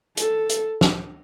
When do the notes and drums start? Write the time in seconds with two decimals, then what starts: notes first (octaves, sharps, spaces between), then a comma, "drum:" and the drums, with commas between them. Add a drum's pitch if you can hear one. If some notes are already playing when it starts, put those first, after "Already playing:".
0.17 A4, drum: hi-hat
0.49 drum: hi-hat
0.81 drum: snare